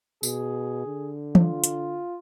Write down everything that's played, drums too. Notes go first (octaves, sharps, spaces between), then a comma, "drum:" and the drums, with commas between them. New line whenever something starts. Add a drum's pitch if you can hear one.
B2 G#4, drum: tambourine
D3
F4, drum: tom E3
drum: hi-hat